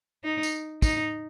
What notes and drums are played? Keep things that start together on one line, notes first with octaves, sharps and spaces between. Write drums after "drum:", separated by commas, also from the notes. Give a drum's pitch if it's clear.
D#4
drum: tambourine
D#4, drum: kick, tambourine